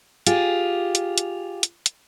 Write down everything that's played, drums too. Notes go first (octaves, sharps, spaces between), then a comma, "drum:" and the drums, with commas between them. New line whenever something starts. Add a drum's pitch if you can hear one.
F4 G4 G#4, drum: hi-hat
drum: hi-hat
drum: hi-hat
drum: hi-hat
drum: hi-hat